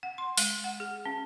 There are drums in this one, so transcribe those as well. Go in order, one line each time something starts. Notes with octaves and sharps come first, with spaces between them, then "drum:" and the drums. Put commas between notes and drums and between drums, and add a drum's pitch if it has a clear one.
F#5
C6
G#3, drum: open hi-hat
F#5
G#4
C#4